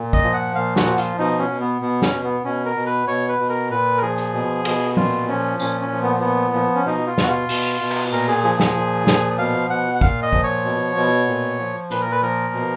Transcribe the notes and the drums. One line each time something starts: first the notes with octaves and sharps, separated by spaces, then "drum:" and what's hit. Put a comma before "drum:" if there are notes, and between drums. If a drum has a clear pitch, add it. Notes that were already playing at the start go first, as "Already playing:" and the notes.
Already playing: A#2
D#5, drum: kick
F3
F#5
A#2 F5
F#4, drum: snare
F3
F4, drum: hi-hat
B2 D#4
C#4
B2
B3
B2 B3
C#4, drum: snare
B2
B3
B2 C#4
A#4
B2
B4
B2 C#5
B4
B2
A#4
A#2 B4
A#4
F3 G#4
drum: hi-hat
B2
B2, drum: cymbal
A#2 F4, drum: tom F#3
F3 C#4
A#2 C#4, drum: tambourine
C#4
F3
B3
A#2 B3
F3
C#4
B2 D#4
F4
B2 F#4, drum: snare
F4
B2, drum: open hi-hat
B2
drum: cymbal
A#2 A#4
G#4
F3 G#4
G#4, drum: snare
A#2
F3, drum: snare
B2 F5
B2 F#5
F#5
A#2 F5, drum: kick
D#5
F3, drum: kick
C#5
B2
B2
A#2
F3
A#2 B4, drum: hi-hat
A#4
B4
F3 A#4
B2